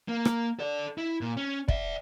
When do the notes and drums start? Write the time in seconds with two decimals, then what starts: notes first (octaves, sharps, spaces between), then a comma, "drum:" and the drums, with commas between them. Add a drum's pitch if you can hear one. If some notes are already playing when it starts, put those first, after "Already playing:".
0.08 A#3
0.25 drum: rim click
0.59 A4 D5
0.98 E4
1.21 A#2
1.37 C#4
1.68 D5 E5, drum: kick